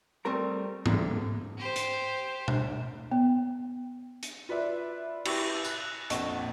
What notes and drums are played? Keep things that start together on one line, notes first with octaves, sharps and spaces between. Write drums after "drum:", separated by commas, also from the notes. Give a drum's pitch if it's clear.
G3 A3 C4 A#4 A#5
C2 D3 G3 A#3, drum: tom G#2
G4 C5
drum: hi-hat
drum: tom B2
B3
drum: hi-hat
F4 B4 D5 E5
E4 G4 B4 C#6 D6 E6, drum: cymbal
F#6, drum: tambourine
A#1 F2 D#5 F#5 C#6 E7, drum: hi-hat